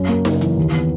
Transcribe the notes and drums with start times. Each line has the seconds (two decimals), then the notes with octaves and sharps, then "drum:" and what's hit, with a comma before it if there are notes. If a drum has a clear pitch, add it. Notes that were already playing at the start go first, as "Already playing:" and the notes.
Already playing: F#2 C#4
0.09 A#3
0.25 C#3, drum: snare D#4
0.41 E3, drum: hi-hat
0.58 D#2
0.73 B3